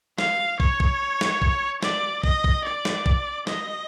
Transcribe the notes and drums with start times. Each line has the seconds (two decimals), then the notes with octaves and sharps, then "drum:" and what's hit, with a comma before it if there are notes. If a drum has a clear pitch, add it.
0.18 F5, drum: snare
0.60 C#5, drum: kick
0.80 drum: kick
1.21 drum: snare
1.42 drum: kick
1.83 D5, drum: snare
2.24 D#5, drum: kick
2.44 drum: kick
2.65 D5
2.85 drum: snare
3.06 drum: kick
3.47 D#5, drum: snare